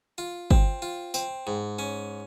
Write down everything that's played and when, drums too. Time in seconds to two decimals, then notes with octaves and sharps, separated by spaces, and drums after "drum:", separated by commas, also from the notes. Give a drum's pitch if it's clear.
0.18 F4
0.51 C4, drum: kick G1
0.82 F4
1.14 C4, drum: tambourine
1.47 G#2
1.79 C#4